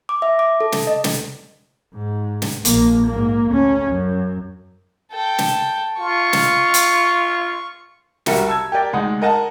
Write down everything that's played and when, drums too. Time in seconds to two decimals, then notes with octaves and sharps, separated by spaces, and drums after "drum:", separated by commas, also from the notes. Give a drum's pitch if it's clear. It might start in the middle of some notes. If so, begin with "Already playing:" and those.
0.09 D6
0.22 E5
0.39 D6
0.61 A4
0.72 drum: snare
0.87 D#5
1.04 drum: snare
1.94 G#2
2.42 drum: snare
2.65 A#1 A#3, drum: hi-hat
3.06 G#2 A#3
3.49 D2 C#4
3.89 F#2
5.12 A4 G5
5.38 drum: snare
6.00 F4 C#6
6.33 drum: snare
6.74 drum: hi-hat
8.26 C2 G3 F#4 A#4 E5 C#7, drum: snare
8.47 A5 E6 G#6
8.72 G4 A#4 D5 G5
8.93 D2 G#3 D#4 F#5 D#6
9.22 A#4 D#5 F#5 A5